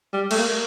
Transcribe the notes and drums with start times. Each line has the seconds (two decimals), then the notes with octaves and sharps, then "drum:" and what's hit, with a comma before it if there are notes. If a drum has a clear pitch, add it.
0.13 G3
0.31 A3, drum: cymbal
0.39 A#3